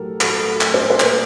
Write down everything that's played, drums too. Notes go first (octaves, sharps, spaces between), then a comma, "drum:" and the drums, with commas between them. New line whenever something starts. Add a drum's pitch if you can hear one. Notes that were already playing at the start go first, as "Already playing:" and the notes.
Already playing: A2 F#3 G4 A4 A#4
A2 F#4 A4, drum: clap
F#4
A3, drum: clap
A4 C5
C5
A#2 A#4 D5, drum: clap